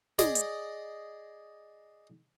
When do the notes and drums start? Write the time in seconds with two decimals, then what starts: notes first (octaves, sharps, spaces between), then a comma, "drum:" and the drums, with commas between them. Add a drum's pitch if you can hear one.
0.19 G#4 D5 D#5, drum: snare
0.35 drum: hi-hat